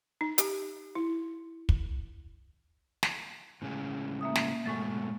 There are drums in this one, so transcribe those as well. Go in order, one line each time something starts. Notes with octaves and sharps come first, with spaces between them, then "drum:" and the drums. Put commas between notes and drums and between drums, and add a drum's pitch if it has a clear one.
D#4
G4, drum: hi-hat
E4
drum: kick
drum: snare
A2 C#3 G#3
A#3 E5 D#6
drum: snare
G#2 B2 G#3 A3 C#6 A6